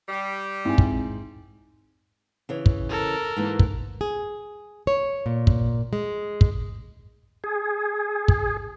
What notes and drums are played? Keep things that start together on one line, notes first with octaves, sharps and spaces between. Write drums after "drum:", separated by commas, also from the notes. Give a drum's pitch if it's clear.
G3
G#2 C4 E4 G#5
drum: kick
C#3 E3 C#5
drum: kick
A4 A#4
G#2 E3 A#3
drum: kick
G#4
C#5
A#2
drum: kick
G#3
drum: kick
G#4
drum: kick